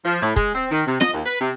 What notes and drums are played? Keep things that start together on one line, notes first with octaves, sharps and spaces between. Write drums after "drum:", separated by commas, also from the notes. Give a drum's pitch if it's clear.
F3
A2
G#3, drum: kick
C4
D#3
C3
D#5, drum: snare
D#2
B4
C3